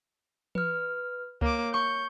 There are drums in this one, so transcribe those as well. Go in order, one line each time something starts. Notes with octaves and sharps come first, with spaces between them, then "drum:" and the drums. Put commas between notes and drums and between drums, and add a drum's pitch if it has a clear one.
B4 F6, drum: tom E3
A#3 C#5 D6, drum: kick C#2
C#6 G6